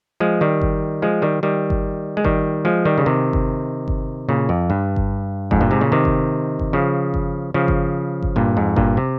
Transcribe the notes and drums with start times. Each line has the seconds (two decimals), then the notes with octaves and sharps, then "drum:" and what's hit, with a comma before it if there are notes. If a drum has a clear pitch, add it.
0.20 F3 G#3
0.41 D#3 G3
0.61 drum: kick G1
1.02 F3 G#3
1.22 D#3 G3
1.43 D#3 G3
1.70 drum: kick G1
2.17 G#3
2.25 D#3 G3, drum: kick G1
2.65 F3 G#3
2.85 D#3 G3
2.98 C#3
3.06 C3 D#3
3.33 drum: kick G1
3.88 drum: kick G1
4.29 A#2 C#3
4.49 F2
4.70 G2
4.96 drum: kick G1
5.51 F2 G#2, drum: kick G1
5.61 G2 A#2
5.71 G#2 C3
5.81 A#2 C#3
5.92 C3 D#3
6.05 drum: kick G1
6.59 drum: kick G1
6.73 C#3 F3
7.14 drum: kick G1
7.54 C#3 F3
7.68 drum: kick G1
8.22 drum: kick G1
8.36 G2 A#2
8.57 F2 G#2
8.76 G2 A#2, drum: kick G1
8.97 C3